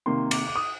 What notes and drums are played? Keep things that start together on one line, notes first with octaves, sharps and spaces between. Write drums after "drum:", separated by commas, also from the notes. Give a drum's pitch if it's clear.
C3 D#3 A#3 C6
D6, drum: cymbal
D6
D#6